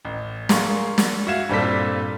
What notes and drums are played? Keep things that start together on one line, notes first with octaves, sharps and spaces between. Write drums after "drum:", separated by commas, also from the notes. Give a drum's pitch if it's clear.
A1
G#4 A#4 F5 C6 C#6, drum: snare
drum: snare
F#4 E5 F5 G#6 E7
G2 A#2 G3 C4 A4 B6